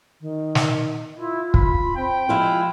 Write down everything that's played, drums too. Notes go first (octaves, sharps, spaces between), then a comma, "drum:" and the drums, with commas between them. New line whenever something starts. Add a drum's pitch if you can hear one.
D#3
drum: snare
E4 F4
B5, drum: kick
C4 G5
F3 G#3 E4 F4